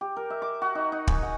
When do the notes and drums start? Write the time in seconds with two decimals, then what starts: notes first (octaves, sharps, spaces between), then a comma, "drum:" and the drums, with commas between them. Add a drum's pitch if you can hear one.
0.01 G4
0.16 A#4
0.30 E5
0.42 D6
0.62 F#4
0.75 D#4
0.92 D#4
1.08 G#5, drum: kick
1.23 F#5